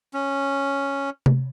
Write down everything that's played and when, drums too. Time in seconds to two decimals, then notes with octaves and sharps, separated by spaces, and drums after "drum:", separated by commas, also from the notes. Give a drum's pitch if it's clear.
0.14 C#4
1.26 drum: tom C3